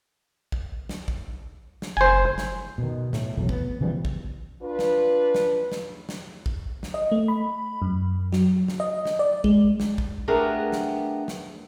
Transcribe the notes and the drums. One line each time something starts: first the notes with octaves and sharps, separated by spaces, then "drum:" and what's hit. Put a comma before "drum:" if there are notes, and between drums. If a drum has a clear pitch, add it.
drum: kick A1
drum: snare
drum: kick A1
drum: snare
F#1 C5 G#5
drum: snare
B2 D#3
A2, drum: snare
F1 B1 E2 F#3
B3, drum: kick A1
C#3 E3 F3 G3
drum: kick A1
D4 F4 B4
drum: snare
drum: snare
drum: snare
drum: snare
drum: kick A1
drum: snare
D#5
A3
B5
F#2
F#3, drum: snare
drum: snare
D#5
drum: snare
D5
G#3, drum: kick A1
drum: snare
drum: kick A1
A3 B3 D4 G4 G#4 A#4
drum: snare
drum: snare